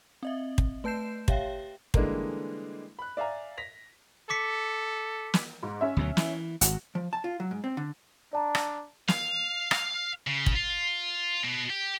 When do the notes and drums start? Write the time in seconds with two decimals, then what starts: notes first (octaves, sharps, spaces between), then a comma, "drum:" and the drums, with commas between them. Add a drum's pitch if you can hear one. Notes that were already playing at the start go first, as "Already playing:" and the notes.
0.23 C4 D#5 E5
0.58 drum: kick
0.84 A3 B4 A5 G6 C7 E7
1.28 G4 C#5 E5 F5 G5, drum: kick
1.94 D3 E3 G3 G#3 A#3 D#4, drum: kick
2.99 B5 F#6
3.17 D5 E5 F5 G#5 A#5
3.58 A#6 B6 F7
4.30 A4 D6 B6 C#7
5.34 drum: snare
5.63 G#2
5.81 C#4 E5
5.97 D2 B2 F#3
6.17 E3, drum: snare
6.61 G#1 F#4, drum: hi-hat
6.95 F3
7.13 A5
7.24 F4
7.40 F#3
7.51 G#2
7.64 C4
7.77 D3
8.33 D4 D5 A5 A#5
8.55 drum: rim click
9.08 F5, drum: snare
9.71 drum: rim click
10.27 C#3
10.46 drum: kick
10.55 F4
11.43 B2
11.70 G4